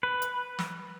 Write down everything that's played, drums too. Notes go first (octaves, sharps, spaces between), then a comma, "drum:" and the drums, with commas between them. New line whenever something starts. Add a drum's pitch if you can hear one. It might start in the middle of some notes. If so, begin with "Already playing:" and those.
B4
drum: hi-hat
drum: snare